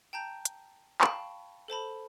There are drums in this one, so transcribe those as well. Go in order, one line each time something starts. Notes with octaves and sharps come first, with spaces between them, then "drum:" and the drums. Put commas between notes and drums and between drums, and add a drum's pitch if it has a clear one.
G5 A5 A#5 G6
drum: hi-hat
F5 G5 A5 B5 C#6, drum: clap
A4 C5 A5 B5